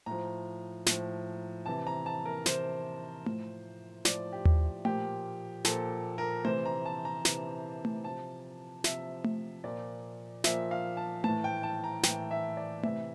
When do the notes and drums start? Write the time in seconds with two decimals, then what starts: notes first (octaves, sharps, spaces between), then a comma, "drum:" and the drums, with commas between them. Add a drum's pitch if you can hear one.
0.06 A2 F3 A#5
0.86 A2 F3, drum: snare
1.66 C3 E3 A5
1.87 A#5
2.06 A5
2.26 A#4
2.46 C3 E3 C5, drum: snare
3.26 A2 F3, drum: tom A3
4.05 A2 F3 D5, drum: snare
4.33 G4
4.45 drum: tom D#2
4.85 A#2 F3 G4, drum: tom A3
5.65 A#2 F3 A4, drum: snare
6.18 A#4
6.45 C3 E3 C5, drum: tom A3
6.66 A#5
6.85 A5
7.05 A#5
7.25 C3 E3, drum: snare
7.85 drum: tom A3
8.04 C3 F3 A5
8.84 C3 F3 E5, drum: snare
9.24 drum: tom A3
9.64 A#2 F3 D5
10.44 A#2 F3 E5, drum: snare
10.71 F5
10.97 A5
11.24 A2 E3 A5, drum: tom A3
11.44 G5
11.63 A5
11.84 A#5
12.03 A2 E3 G5, drum: snare
12.31 E5
12.57 D5
12.83 C3 E3 E5, drum: tom A3